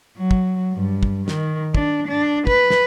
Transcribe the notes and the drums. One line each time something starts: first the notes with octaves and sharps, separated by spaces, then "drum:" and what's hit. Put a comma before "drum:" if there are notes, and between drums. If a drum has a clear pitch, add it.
F#3
drum: kick
G2
drum: kick
D#3, drum: snare
D4, drum: kick
D4
B4, drum: kick
drum: snare